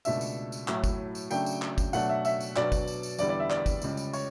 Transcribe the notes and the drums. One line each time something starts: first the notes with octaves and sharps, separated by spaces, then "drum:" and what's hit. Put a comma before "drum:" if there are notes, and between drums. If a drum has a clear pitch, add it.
C#2 B2 A3 D4 E5, drum: tambourine
drum: tambourine
drum: tambourine
A2 F#3 A3 E4, drum: clap
drum: kick G1, tambourine
drum: tambourine
C#3 F#3 A3 D4 G5, drum: tambourine
drum: tambourine
drum: clap
drum: kick G1, tambourine
B2 F#3 A3 D4 F#5, drum: tambourine
E5
E5, drum: tambourine
drum: tambourine
B2 F#3 B3 D4 D5, drum: clap
drum: kick G1, tambourine
drum: tambourine
drum: tambourine
E2 D3 G3 B3 E4 D5, drum: tambourine
D5
E5
D5, drum: clap
drum: kick G1, tambourine
C#2 C#3 G3, drum: tambourine
drum: tambourine
C#5, drum: tambourine